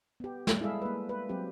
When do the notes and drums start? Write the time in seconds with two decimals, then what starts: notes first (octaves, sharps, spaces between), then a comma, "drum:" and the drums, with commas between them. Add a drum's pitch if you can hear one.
0.20 B3 G4
0.47 G3, drum: snare
0.60 G#3 E4 G#4 A4 E5 F5
0.82 A#3 B4
1.09 B4
1.29 F#3 C4 G4